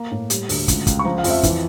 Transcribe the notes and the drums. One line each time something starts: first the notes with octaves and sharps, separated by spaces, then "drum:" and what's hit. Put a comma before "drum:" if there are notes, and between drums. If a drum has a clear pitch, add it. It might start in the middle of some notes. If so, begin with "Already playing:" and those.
Already playing: A#3 A#5
A2
G3, drum: hi-hat
D2, drum: open hi-hat
C#2, drum: kick, hi-hat
C#2, drum: kick, hi-hat
C#6
F3 A#5
F5
F2, drum: open hi-hat
E5
E3, drum: kick, hi-hat